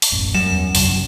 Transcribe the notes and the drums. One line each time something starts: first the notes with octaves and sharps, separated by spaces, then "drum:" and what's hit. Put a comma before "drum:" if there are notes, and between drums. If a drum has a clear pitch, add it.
drum: open hi-hat
E1 A1 F#2
F#2 G3 E7
E2
G1 C2 C3, drum: open hi-hat